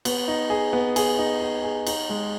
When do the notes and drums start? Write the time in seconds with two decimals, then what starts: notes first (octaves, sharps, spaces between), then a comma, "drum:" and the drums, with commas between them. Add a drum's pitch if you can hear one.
0.05 B3, drum: cymbal
0.28 D#4
0.50 G#4
0.73 B3
0.96 G#4, drum: cymbal
1.18 D#4
1.41 D#4
1.64 G#4
1.87 D#4, drum: cymbal
2.10 G#3